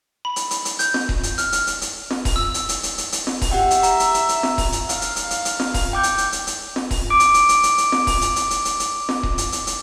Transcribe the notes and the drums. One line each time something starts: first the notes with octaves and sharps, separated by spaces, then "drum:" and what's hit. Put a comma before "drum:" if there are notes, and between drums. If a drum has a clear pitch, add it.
B5
drum: hi-hat
drum: hi-hat
drum: hi-hat
G6, drum: hi-hat
drum: snare
drum: kick D#1
drum: hi-hat
F6, drum: hi-hat
drum: hi-hat
drum: hi-hat
drum: hi-hat
drum: snare
drum: kick D#1, open hi-hat
E6
drum: hi-hat
drum: hi-hat
drum: hi-hat
drum: hi-hat
drum: hi-hat
drum: snare
drum: kick D#1, open hi-hat
G4 E5 F#5 G5
drum: hi-hat
A#5, drum: hi-hat
drum: hi-hat
drum: hi-hat
drum: hi-hat
drum: snare
drum: kick D#1, open hi-hat
drum: hi-hat
F5, drum: hi-hat
drum: hi-hat
drum: hi-hat
drum: hi-hat
drum: hi-hat
drum: snare
drum: kick D#1, open hi-hat
G5 D6 G6
drum: hi-hat
drum: hi-hat
drum: hi-hat
drum: hi-hat
drum: snare
drum: kick D#1, open hi-hat
D6 D7
drum: hi-hat
drum: hi-hat
drum: hi-hat
drum: hi-hat
drum: hi-hat
drum: snare
drum: kick D#1, open hi-hat
drum: hi-hat
drum: hi-hat
drum: hi-hat
drum: hi-hat
drum: hi-hat
drum: snare
drum: kick D#1
drum: hi-hat
drum: hi-hat
drum: hi-hat